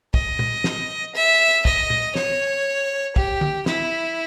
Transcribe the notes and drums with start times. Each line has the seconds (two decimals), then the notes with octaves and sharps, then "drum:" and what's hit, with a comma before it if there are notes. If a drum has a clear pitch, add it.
0.14 D#5, drum: kick
0.39 drum: tom A#2
0.64 drum: snare
1.15 E5
1.65 D#5, drum: kick
1.90 drum: tom A#2
2.15 C#5, drum: snare
3.16 G4, drum: kick
3.41 drum: tom D3
3.66 E4, drum: snare